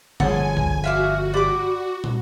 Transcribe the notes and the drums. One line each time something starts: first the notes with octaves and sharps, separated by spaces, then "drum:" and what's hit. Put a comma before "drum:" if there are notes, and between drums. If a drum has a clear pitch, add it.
G1 F3 G#4 C#5 F#5 G#5 A5, drum: tom C3
drum: kick
F#4 E5 F5 D6
G4 D5 B5 D6
drum: tom